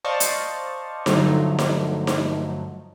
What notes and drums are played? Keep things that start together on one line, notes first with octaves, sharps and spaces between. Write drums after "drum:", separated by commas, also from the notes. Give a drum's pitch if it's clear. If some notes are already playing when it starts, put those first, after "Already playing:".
C5 D5 D#5 F5 A5 C#6
drum: hi-hat
G2 D3 F3 F#3 A3 D#4, drum: snare D#4
drum: snare D#4
drum: snare D#4